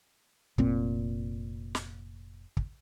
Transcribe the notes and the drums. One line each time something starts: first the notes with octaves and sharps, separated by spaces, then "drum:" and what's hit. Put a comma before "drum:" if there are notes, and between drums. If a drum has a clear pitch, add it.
F1 A#2 C4, drum: kick
drum: snare
drum: kick